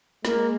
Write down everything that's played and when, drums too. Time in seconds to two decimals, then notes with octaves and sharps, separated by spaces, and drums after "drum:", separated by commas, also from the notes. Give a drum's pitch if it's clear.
0.25 G#3 A#3, drum: snare